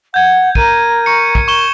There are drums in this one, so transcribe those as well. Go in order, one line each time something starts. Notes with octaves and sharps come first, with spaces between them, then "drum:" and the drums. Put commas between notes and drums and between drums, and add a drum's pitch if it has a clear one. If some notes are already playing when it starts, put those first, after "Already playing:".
F#5 G6 G#6
A#4 D#7, drum: kick
C#6 C#7
drum: kick
C#6 E7 G7